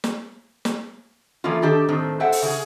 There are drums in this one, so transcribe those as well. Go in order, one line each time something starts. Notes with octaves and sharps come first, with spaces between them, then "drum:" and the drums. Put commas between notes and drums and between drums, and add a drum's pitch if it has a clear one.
drum: snare
drum: snare
E3 F3 A3 A#3 C#4 F4
D#3 D4 G4 A4
A2 D#3 A3 C4
A4 C5 E5 F#5 G5
drum: open hi-hat
C#3 G#4